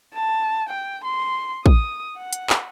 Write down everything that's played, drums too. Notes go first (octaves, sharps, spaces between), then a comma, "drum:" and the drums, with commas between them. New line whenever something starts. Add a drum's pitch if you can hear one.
A5
G5
C6
D#6, drum: kick
F#5
drum: hi-hat
drum: clap